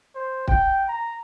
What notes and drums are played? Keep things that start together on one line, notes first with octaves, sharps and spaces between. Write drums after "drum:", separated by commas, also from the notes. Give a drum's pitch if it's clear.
C5
G5, drum: kick
A#5